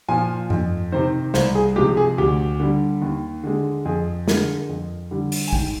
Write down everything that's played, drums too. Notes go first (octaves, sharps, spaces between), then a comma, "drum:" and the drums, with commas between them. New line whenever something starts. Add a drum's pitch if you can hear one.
A#2 F3 G#5
F2, drum: tom G2
C3 D#3 C5
C2 C5, drum: snare
G#4
C3 F3 G#3 G4
G#4
D2 G4
D3 G3
D#2
D3 G#3
F2 G#4
D3 G#3 A#4, drum: snare
F2
D3 G3
drum: open hi-hat
G#5
G#2 G5, drum: kick